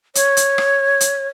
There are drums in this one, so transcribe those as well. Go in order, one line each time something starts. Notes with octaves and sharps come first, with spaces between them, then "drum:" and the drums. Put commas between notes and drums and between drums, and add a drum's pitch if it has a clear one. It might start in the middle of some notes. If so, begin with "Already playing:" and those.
C#5, drum: hi-hat
drum: hi-hat
drum: rim click
drum: hi-hat